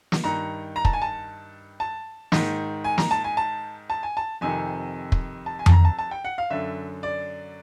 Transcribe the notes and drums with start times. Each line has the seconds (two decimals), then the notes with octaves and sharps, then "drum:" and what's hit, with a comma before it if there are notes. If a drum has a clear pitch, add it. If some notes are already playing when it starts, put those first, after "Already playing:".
0.12 drum: snare
0.24 G2 D#3 A#5
0.76 A#5
0.85 A5, drum: kick
0.93 G#5
1.02 A5
1.80 A5
2.32 G#2 D#3, drum: snare
2.84 G#5
2.98 A#5, drum: snare
3.11 A5
3.24 G#5
3.37 A5
3.90 A5
4.03 G#5
4.17 A5
4.41 F2 C3 D#3 G#5
5.12 drum: kick
5.46 A5
5.59 G#5
5.66 A5, drum: tom F2
5.72 A#5
5.85 A5
5.99 A5
6.11 G5
6.25 F#5
6.38 F5
6.50 F#2 D3 E5
7.03 D5